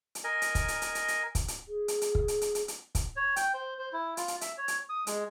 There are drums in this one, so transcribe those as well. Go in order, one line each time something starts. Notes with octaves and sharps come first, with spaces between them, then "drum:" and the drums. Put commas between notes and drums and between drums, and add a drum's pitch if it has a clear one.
drum: hi-hat
A#4 D#5 G#5
drum: hi-hat
drum: kick, hi-hat
drum: hi-hat
drum: hi-hat
drum: hi-hat
drum: hi-hat
drum: kick, hi-hat
drum: hi-hat
G#4
drum: hi-hat
drum: hi-hat
drum: kick
drum: hi-hat
drum: hi-hat
drum: hi-hat
drum: hi-hat
drum: kick, hi-hat
C#5
G5, drum: hi-hat
C5
C5
E4
F4, drum: hi-hat
drum: hi-hat
E5, drum: hi-hat
C#5
drum: hi-hat
D#6
G#3, drum: hi-hat